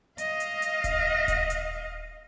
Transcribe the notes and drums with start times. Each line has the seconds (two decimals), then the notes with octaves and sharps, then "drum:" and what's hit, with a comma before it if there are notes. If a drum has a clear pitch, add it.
0.18 D#5 F5, drum: hi-hat
0.40 drum: hi-hat
0.62 drum: hi-hat
0.84 drum: kick D#1, hi-hat
1.28 drum: kick D#1, hi-hat
1.50 drum: hi-hat